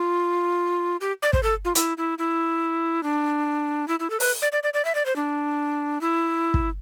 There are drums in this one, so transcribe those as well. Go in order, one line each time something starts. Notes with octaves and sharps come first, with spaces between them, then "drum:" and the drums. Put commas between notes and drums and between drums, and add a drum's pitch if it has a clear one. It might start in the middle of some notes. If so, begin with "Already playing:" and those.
Already playing: F4
G4
D5
C5, drum: kick
A4
F4
E4, drum: hi-hat
E4
E4
D4
E4
E4
A4
B4, drum: open hi-hat
D5
D5
D5
D5
E5
D5
C5
D4
E4
drum: kick